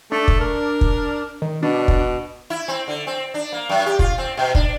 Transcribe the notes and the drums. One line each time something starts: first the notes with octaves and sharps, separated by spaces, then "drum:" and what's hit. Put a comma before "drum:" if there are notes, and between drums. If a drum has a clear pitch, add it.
A3 D4
drum: kick
A#4
drum: kick
D#3
B2 D4
drum: kick
E4
C4
D3
C4
D4
A#3
F#2
G4
F4, drum: kick
C4
B2
D4, drum: kick